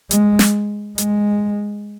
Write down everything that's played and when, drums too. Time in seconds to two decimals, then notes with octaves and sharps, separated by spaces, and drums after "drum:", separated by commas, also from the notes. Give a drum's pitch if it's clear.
0.11 G#3, drum: hi-hat
0.39 drum: snare
0.98 G#3, drum: hi-hat